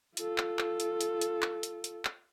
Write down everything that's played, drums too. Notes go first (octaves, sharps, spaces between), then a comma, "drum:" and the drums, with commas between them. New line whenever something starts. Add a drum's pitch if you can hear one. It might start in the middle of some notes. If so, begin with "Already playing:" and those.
F4 A4, drum: hi-hat
drum: clap
drum: clap
drum: hi-hat
drum: hi-hat
drum: hi-hat
drum: clap
drum: hi-hat
drum: hi-hat
drum: clap